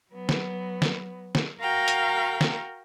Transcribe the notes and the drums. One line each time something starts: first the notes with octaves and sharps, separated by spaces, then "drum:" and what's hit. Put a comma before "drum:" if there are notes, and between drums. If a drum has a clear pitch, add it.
F#3 B3
drum: snare
drum: snare
drum: snare
F#4 A#4 F5 G5 A#5
drum: hi-hat
drum: snare